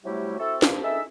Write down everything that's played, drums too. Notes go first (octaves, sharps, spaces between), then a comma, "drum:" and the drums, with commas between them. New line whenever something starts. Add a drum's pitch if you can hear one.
C3 F#3 G3 A3 E4 G4
C4 E4 F#4 A4
F3 A#3 C4 G4, drum: snare
D#4 G#4 A4 E5